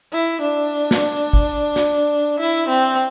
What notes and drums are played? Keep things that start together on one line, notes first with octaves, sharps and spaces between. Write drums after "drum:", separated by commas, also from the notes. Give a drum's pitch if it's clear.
E4
D4
drum: snare
drum: kick G#1
drum: snare
E4
C4